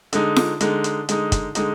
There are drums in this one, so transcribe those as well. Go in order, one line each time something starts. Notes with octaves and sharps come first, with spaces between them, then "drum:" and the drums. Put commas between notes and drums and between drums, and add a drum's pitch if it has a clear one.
D3 G#3 D#4, drum: hi-hat
drum: snare F4
D3 G#3 D#4, drum: hi-hat
drum: hi-hat
D3 G#3 D#4, drum: hi-hat
drum: kick, hi-hat
D3 G#3 D#4, drum: hi-hat